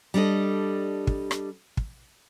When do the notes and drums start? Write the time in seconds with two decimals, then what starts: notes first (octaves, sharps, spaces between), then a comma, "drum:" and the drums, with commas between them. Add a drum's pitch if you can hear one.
0.14 G3 D4 A4 D#5
1.07 drum: kick
1.31 drum: rim click
1.77 drum: kick